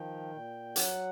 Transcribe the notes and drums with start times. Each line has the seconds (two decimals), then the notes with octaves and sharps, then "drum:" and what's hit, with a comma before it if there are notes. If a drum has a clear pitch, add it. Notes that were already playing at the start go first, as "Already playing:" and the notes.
Already playing: D#3 F3 G5
0.31 A#2
0.76 F#3 F#5, drum: hi-hat